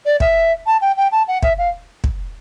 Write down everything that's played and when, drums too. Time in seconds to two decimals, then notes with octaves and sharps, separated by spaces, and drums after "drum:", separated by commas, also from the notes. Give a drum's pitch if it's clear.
0.06 D5
0.20 E5, drum: kick
0.66 A5
0.81 G5
0.97 G5
1.12 A5
1.28 F#5
1.43 E5, drum: kick
1.58 F5
2.04 drum: kick